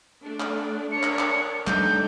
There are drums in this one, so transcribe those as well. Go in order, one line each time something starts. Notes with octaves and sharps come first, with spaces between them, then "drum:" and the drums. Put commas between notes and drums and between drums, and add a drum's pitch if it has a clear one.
A3 D4
drum: clap
D4 A#4 C#5 C#7
drum: clap
drum: clap
G3 A3 D4 D#4 G6, drum: clap